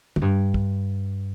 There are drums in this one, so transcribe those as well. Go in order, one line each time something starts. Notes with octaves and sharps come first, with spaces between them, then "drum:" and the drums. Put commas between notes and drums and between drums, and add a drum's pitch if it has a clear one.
F2, drum: tom
G2
drum: kick